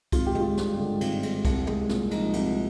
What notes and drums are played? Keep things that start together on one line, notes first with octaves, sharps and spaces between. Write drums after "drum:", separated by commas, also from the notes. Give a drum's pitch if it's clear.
G#1 F4, drum: kick, cymbal
G4
G#3, drum: tom
F4
G2, drum: snare
D3
G#1, drum: cymbal
G#3, drum: cymbal
C2, drum: kick, cymbal
G#3, drum: tom
A#2, drum: snare
F3 D#4, drum: cymbal
C2, drum: cymbal